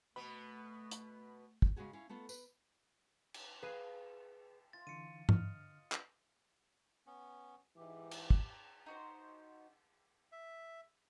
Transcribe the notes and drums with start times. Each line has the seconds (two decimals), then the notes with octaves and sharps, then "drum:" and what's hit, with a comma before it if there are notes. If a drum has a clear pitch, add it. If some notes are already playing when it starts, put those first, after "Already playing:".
0.16 B2 A3 B3 B5
0.91 drum: hi-hat
1.62 drum: kick
1.76 C#3 G#3 C#4 F#4 G#4
1.93 C#4 E4 F5
2.09 A3 B3 F4 A4
2.29 B4, drum: tambourine
3.34 drum: cymbal
3.63 G#4 B4 F5
4.73 F4 A6
4.87 D3 E3 C#7 D#7
5.29 D3 D#5 F6, drum: tom G2
5.92 drum: clap
7.07 B3 C#4
7.77 G#2 E3 G4
8.11 drum: cymbal
8.30 drum: kick
8.86 D#4 F#4 C5
10.32 E5